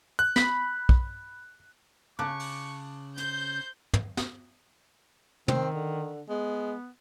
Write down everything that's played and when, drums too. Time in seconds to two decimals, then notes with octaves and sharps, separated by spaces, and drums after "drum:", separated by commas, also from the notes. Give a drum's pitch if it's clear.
0.19 F#6
0.36 B5, drum: snare
0.89 drum: kick
2.19 C#3 A5 C#6 D6 F#6
2.40 drum: open hi-hat
3.18 C5 G6, drum: hi-hat
3.94 drum: tom
4.17 drum: snare
5.48 D#3 C4, drum: tom
5.74 D3
6.29 G#3 B3